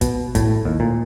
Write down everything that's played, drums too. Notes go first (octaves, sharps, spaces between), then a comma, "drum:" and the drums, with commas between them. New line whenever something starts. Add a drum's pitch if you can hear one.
B2, drum: kick, hi-hat
A2, drum: kick, hi-hat
D#2
A#2